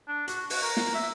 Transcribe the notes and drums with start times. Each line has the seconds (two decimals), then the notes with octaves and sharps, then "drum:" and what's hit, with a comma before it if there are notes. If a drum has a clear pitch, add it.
0.08 D4
0.28 F#4, drum: hi-hat
0.50 F#4, drum: open hi-hat
0.63 A#4
0.77 drum: snare
0.94 E5